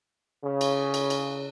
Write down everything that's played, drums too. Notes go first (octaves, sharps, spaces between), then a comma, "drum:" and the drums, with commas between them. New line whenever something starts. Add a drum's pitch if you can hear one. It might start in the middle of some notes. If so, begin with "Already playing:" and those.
C#3
drum: cymbal
drum: cymbal
drum: cymbal